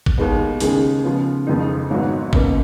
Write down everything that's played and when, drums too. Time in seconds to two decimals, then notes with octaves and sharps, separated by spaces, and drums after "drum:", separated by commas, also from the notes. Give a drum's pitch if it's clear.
0.06 drum: kick
0.18 D#2 D#3 G#3 B3
0.60 D#2 C#3 G#3 D#4 G#4, drum: open hi-hat
1.04 C#3 F3 B3 F4
1.47 F#1 F2 F3 G#3 D#4
1.90 G#1 G#2 F#3 B3 F#4
2.33 C#2 B2 A#3, drum: kick